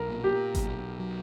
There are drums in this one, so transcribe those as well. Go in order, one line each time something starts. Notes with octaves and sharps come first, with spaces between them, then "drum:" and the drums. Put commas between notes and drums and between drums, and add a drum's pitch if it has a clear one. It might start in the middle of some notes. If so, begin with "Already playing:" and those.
Already playing: B1 A#4
A#2
G4
B1, drum: kick G#1, hi-hat
F#3